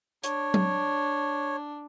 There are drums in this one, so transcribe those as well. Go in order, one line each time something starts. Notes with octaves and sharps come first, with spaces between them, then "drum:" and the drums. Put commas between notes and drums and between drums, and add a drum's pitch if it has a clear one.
D4 C#5, drum: hi-hat
drum: tom F#3